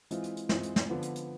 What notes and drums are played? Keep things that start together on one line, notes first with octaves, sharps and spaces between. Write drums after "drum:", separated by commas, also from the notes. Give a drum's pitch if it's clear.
E3 G#3 C4 F4, drum: hi-hat
drum: hi-hat
drum: hi-hat
E3 G#3 C4 F4, drum: snare
drum: hi-hat
drum: snare
D3 F3 B3
drum: hi-hat
drum: hi-hat